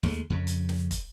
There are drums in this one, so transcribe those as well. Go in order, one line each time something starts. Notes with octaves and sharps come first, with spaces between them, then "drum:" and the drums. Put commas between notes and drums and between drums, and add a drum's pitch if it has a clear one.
D#2 G#3 A3, drum: snare
F2 C#3
drum: hi-hat
drum: snare
drum: kick, hi-hat